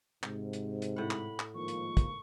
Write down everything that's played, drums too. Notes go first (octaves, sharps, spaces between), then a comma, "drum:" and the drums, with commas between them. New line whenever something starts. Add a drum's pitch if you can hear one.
G#2 C3, drum: clap
drum: hi-hat
drum: hi-hat
A2 F#5 B5
drum: clap
drum: clap
G#2 D#3 F3 A#3 C#6
drum: hi-hat
drum: kick, hi-hat